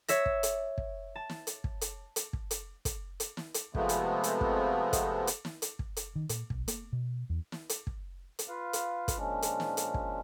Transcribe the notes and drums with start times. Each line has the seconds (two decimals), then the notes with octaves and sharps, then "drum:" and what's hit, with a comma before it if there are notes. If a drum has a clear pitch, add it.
0.08 C#5 E5 A#6, drum: hi-hat
0.26 drum: kick
0.43 drum: hi-hat
0.78 drum: kick
1.16 A5
1.29 drum: snare
1.47 drum: hi-hat
1.64 drum: kick
1.81 drum: hi-hat
2.16 drum: hi-hat
2.33 drum: kick
2.51 drum: hi-hat
2.85 drum: kick, hi-hat
3.20 drum: hi-hat
3.37 drum: snare
3.54 drum: hi-hat
3.75 C3 F3 G#3 A3 B3, drum: kick
3.89 drum: hi-hat
4.24 drum: hi-hat
4.41 drum: kick
4.93 drum: kick, hi-hat
5.27 drum: hi-hat
5.45 drum: snare
5.62 drum: hi-hat
5.79 drum: kick
5.97 drum: hi-hat
6.16 D#3
6.29 A#2, drum: hi-hat
6.50 B1, drum: kick
6.68 A#3, drum: hi-hat
6.93 B2
7.30 E2
7.52 drum: snare
7.69 drum: hi-hat
7.87 drum: kick
8.39 drum: hi-hat
8.48 F4 B4 F5
8.73 drum: hi-hat
9.08 drum: kick, hi-hat
9.17 A#2 F3 G#3 C#4 D4
9.42 drum: hi-hat
9.60 drum: snare
9.77 drum: hi-hat
9.94 drum: kick